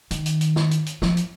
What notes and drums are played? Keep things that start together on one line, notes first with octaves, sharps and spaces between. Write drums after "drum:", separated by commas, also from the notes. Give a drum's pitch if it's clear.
D#3, drum: hi-hat
drum: hi-hat
drum: hi-hat
drum: snare
drum: hi-hat
drum: hi-hat
F3, drum: snare
drum: hi-hat